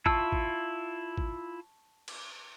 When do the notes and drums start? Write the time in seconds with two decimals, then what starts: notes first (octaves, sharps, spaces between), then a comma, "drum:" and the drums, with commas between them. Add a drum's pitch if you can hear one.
0.06 E4 F4 A5 C#6 E6, drum: kick
0.32 drum: kick
1.18 drum: kick
2.08 drum: cymbal